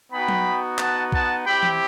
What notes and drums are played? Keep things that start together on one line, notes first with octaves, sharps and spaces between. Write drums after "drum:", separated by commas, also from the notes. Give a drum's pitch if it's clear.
B3 D#4 F#4 G5 B5
drum: tom F#3
F#5 A5, drum: clap
F#5 A5, drum: kick B1
C4 E4 G4 G5 B5
drum: tom E3